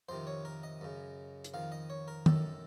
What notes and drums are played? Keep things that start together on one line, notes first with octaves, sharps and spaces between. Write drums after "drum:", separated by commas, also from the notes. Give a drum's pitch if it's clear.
F2 C3 D#3 C5
C#5
A#4
D#5
F#2 C#3
drum: hi-hat
F2 D#3 F5
D#5
C#5
A#4
F#2 D#3 A4, drum: tom D#3